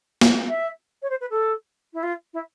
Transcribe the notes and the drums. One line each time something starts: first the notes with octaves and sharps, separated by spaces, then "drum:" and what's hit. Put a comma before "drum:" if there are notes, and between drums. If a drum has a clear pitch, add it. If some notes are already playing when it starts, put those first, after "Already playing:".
drum: snare
E5
C#5
C5
B4
A4
E4
F4
E4